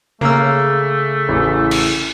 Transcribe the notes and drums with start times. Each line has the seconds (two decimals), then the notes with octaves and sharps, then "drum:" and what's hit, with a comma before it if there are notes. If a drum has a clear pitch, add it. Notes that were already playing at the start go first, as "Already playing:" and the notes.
0.21 C#3 A3 A#3 A#4 E6
1.29 A1 E3
1.71 drum: cymbal